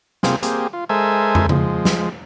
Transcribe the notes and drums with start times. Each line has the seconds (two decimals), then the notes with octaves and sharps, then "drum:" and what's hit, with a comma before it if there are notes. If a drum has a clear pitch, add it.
0.23 C3 A#3 C4 F4 G#4, drum: snare
0.43 A#3 C4 G4 G#4, drum: hi-hat
0.73 F4
0.89 G#3 A4 A#4 C5 E5 G#5
1.35 drum: tom
1.49 F3 G#3, drum: tom C#3
1.85 drum: snare